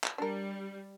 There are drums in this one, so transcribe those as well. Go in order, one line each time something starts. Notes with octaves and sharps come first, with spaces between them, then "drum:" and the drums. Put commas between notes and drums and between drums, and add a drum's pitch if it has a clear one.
drum: clap
G3 D4 A#4